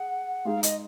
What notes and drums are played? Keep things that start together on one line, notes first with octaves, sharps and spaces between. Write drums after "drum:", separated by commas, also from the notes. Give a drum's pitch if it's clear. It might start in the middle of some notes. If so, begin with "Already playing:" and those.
Already playing: G#4 F#5
G#3 D#4 G#4 F5
D#5, drum: hi-hat